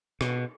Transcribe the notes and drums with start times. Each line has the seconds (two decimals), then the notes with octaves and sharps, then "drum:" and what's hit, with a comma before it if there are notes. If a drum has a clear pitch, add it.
0.21 B2, drum: rim click